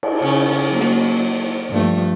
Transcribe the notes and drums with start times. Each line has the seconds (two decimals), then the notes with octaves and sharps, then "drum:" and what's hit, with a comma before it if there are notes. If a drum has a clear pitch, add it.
0.03 drum: cymbal
0.21 C#3 C#4
0.69 F#3 A#3
0.80 drum: snare
1.69 G2 F3 A3